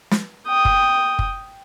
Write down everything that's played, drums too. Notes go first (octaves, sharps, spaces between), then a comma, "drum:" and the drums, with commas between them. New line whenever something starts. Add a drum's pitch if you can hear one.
drum: snare
G5 D#6
drum: kick
drum: kick